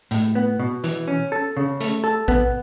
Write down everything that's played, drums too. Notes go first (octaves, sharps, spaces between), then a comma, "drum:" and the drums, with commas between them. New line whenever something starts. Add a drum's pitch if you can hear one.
A2, drum: hi-hat
B3
B2
E3, drum: hi-hat
C#4
A4
C#3
A3, drum: hi-hat
A4
B3, drum: kick A1